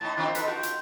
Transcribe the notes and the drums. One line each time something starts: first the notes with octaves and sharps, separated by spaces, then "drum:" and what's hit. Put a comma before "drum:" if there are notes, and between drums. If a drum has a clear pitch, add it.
A2 D#4 A5
D#3 C4 D4 F4
D#4 A4 B4, drum: hi-hat
F4 F#4 G5
drum: hi-hat